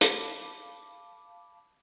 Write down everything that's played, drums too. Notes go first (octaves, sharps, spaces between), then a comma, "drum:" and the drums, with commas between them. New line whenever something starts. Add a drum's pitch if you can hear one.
F5 A5 B5 D6, drum: hi-hat